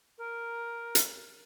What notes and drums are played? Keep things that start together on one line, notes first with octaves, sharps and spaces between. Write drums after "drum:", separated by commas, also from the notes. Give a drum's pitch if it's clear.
A#4
drum: hi-hat